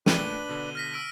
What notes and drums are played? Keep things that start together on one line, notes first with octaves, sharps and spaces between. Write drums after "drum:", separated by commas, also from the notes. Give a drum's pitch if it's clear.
A#2 A3 D4 B4 G5 D#7 F#7 G7, drum: snare
B2 D3
F6 A#6 B6
E6 D7